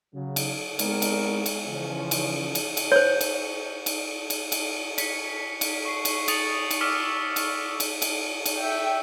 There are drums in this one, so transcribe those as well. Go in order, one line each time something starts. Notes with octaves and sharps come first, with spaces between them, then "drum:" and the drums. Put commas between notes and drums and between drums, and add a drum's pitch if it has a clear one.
C#3 F#3
drum: cymbal
G#3 B3 C4 A#4, drum: cymbal
drum: cymbal
drum: cymbal
C#3 E3 F3 C#4
drum: cymbal
drum: cymbal
drum: cymbal
C5 C#5
drum: cymbal
drum: cymbal
drum: cymbal
drum: cymbal
B6 C#7, drum: cymbal
drum: cymbal
C#6 C7
drum: cymbal
D#6 A6 C7 C#7 F7 F#7, drum: cymbal
drum: cymbal
C#6 D6 E6 F6 B6 C#7
drum: cymbal
drum: cymbal
drum: cymbal
drum: cymbal
E5 G5